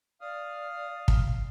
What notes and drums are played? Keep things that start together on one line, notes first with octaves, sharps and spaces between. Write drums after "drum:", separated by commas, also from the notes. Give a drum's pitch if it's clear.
D5 F5 D#6 F6
drum: kick